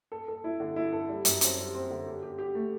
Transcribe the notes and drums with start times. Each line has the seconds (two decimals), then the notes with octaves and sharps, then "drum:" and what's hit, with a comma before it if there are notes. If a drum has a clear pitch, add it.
0.12 A4
0.28 A4
0.44 E4
0.60 D3
0.76 E4
0.93 A4
1.09 G3
1.25 F#2, drum: hi-hat
1.41 C4, drum: hi-hat
1.58 G3
1.74 C4
1.90 D3
2.06 G4
2.23 G4
2.38 G4
2.55 A3